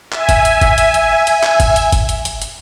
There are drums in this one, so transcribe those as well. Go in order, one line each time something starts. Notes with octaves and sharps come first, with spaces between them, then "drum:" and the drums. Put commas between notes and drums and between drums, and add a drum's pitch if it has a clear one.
E5 G#5, drum: clap
drum: kick, hi-hat
drum: hi-hat
drum: kick, hi-hat
drum: hi-hat
drum: hi-hat
drum: hi-hat
drum: clap
drum: kick, hi-hat
drum: hi-hat
drum: kick, hi-hat
drum: hi-hat
drum: hi-hat
drum: hi-hat